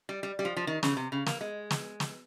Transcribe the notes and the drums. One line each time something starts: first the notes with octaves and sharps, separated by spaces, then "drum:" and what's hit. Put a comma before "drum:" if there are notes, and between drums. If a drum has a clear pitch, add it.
G3
G3
G3
F3
F3
D#3
C#3, drum: snare
C3
C#3
A#3, drum: snare
G#3
drum: snare
drum: snare